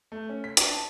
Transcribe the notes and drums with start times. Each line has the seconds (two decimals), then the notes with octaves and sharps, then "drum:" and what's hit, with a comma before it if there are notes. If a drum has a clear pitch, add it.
0.12 A3
0.29 C#4
0.44 B6
0.57 D4, drum: hi-hat
0.70 A5